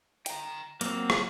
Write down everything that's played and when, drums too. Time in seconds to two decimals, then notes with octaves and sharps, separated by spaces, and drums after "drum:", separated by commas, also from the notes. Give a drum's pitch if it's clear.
0.26 G5 A#5, drum: hi-hat
0.81 F#3 A#3 C4, drum: hi-hat
1.10 drum: rim click